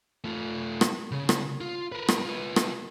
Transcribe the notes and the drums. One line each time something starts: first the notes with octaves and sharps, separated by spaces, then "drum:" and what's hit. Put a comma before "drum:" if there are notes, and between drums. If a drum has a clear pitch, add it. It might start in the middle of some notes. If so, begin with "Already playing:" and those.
A3 F4
drum: rim click
C#3
drum: rim click
F4
A#4 B4
drum: rim click
F4 B4
drum: rim click